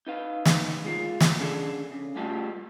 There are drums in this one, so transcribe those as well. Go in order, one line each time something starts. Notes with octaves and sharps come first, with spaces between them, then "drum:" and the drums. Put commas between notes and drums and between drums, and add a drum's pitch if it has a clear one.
D#4 B4 F5
drum: snare
G#3 F4 A#4
drum: snare
C#3 D4 G#4 A4
C#3
G3 A3 F4 G4 A5